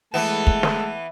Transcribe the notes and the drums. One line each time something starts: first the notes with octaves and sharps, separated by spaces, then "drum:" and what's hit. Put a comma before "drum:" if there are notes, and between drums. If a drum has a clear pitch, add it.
E3 G#3 A3 B3 A4 E5
drum: kick
drum: snare